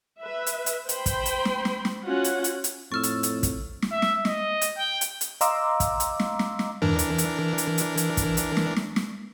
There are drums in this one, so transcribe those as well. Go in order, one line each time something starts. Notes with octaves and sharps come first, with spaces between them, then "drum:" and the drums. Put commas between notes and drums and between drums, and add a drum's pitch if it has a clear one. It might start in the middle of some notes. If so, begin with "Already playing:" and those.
B4 E5
drum: hi-hat
drum: hi-hat
C5 G5 B5 C6, drum: hi-hat
drum: kick, hi-hat
drum: hi-hat
drum: snare
drum: snare
drum: snare
C#4 F4 F#4 F#5
drum: hi-hat
drum: hi-hat
drum: hi-hat
F2 A2 C#6 E6 F6 A6
drum: hi-hat
drum: hi-hat
drum: kick, hi-hat
drum: snare
E5
drum: snare
D#5, drum: snare
drum: hi-hat
G5
drum: hi-hat
drum: hi-hat
D#5 F5 A#5 C6 D6 E6, drum: hi-hat
drum: kick, hi-hat
drum: hi-hat
drum: snare
drum: snare
drum: snare
E3 D4 A#4, drum: tom
drum: hi-hat
drum: hi-hat
drum: hi-hat
drum: hi-hat
drum: hi-hat
drum: kick, hi-hat
drum: hi-hat
drum: snare
drum: snare
drum: snare